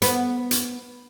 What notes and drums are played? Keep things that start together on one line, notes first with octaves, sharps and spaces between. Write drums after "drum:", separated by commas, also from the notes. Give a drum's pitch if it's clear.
B3, drum: hi-hat
drum: hi-hat